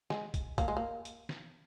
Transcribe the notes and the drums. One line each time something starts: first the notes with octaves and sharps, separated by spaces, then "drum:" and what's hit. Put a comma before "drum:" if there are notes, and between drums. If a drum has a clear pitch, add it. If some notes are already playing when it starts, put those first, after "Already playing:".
G#3, drum: snare
drum: kick, hi-hat
A#3, drum: kick, hi-hat
G#3
A#3
drum: hi-hat
drum: snare